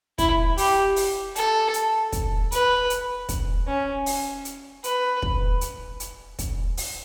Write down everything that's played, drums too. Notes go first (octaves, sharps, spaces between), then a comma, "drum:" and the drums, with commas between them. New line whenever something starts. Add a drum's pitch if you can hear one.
E4, drum: kick, hi-hat
G4, drum: open hi-hat
drum: open hi-hat
A4, drum: hi-hat
drum: hi-hat
drum: kick, hi-hat
B4, drum: hi-hat
drum: hi-hat
drum: kick, hi-hat
C#4
drum: open hi-hat
drum: hi-hat
B4, drum: hi-hat
drum: kick
drum: hi-hat
drum: hi-hat
drum: kick, hi-hat
drum: open hi-hat